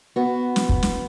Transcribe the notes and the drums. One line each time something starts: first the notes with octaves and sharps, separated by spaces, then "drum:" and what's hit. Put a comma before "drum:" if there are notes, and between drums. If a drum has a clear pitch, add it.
B3 F#4
drum: snare
drum: kick
drum: snare